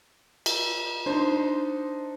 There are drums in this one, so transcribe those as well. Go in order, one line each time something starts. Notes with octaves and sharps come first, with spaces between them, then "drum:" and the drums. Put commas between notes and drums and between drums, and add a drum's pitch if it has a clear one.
drum: cymbal
D4 D#4 C5